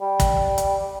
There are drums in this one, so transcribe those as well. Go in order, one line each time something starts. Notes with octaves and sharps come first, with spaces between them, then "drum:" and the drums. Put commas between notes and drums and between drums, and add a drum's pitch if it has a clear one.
G3
drum: kick, hi-hat
drum: hi-hat